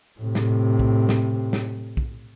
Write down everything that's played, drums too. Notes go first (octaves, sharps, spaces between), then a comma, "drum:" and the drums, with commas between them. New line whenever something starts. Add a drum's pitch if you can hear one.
A2 C3
drum: snare
drum: kick
drum: snare
drum: snare
drum: kick